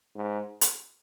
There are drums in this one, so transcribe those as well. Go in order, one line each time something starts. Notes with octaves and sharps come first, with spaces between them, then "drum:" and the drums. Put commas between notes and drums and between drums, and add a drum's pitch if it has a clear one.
G#2
drum: hi-hat